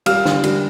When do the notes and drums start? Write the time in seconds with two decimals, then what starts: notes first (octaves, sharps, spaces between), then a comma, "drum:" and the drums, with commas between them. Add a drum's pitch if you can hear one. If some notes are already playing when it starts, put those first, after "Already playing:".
0.06 G3 F5 F6, drum: cymbal
0.25 D3, drum: snare
0.43 G3, drum: cymbal